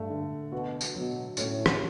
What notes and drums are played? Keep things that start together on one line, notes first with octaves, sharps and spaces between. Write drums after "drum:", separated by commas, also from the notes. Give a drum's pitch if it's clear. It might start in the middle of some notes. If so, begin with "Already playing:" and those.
Already playing: G2 A3
D3
B2 F#4
drum: tambourine
B2 F#3
A2 C#4, drum: tambourine
drum: rim click